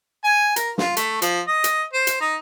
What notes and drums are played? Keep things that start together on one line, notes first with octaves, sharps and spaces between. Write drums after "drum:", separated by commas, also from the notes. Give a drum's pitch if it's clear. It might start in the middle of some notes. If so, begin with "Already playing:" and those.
G#5
A#4, drum: hi-hat
F4, drum: snare
A3, drum: hi-hat
F3, drum: hi-hat
D#5
drum: hi-hat
C5
drum: hi-hat
D#4